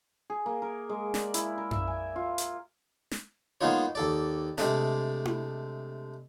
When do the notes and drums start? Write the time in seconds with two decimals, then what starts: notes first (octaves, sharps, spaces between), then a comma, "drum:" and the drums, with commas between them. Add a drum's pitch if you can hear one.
0.30 G#4
0.46 A#3
0.62 A#4
0.89 G#3
1.14 D5, drum: snare
1.34 E4, drum: hi-hat
1.58 A#4
1.71 E5, drum: tom F#2
1.88 G#5
2.16 F4
2.38 drum: hi-hat
3.11 drum: snare
3.61 G#3 A#3 B3 D#4 F4 C#5
3.95 D#2 A4 D5
4.58 C3 G#3 A3 D4, drum: snare
5.25 drum: tom E4